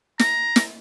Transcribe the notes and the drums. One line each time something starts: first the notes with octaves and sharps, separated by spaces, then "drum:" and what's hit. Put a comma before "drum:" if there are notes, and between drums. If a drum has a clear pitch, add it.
A#5, drum: snare
drum: snare